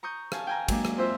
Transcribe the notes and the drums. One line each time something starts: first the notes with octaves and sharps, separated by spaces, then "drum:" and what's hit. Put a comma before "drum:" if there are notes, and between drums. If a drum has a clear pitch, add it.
A#5 C#6 D#6 G6
F5 G#5 A5, drum: rim click
G5 G#5 A#5
F#3 G#3 A#3 D4, drum: kick, cymbal
drum: rim click
C4 F4 C5 E5